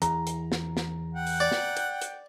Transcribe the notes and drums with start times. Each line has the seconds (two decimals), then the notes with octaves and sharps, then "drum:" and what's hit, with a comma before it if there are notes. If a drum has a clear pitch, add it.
0.02 E2 A#5, drum: hi-hat
0.27 drum: hi-hat
0.52 drum: snare
0.77 drum: snare
1.14 F#5 G5
1.27 drum: open hi-hat
1.40 D5
1.52 drum: snare
1.77 drum: hi-hat
2.02 drum: hi-hat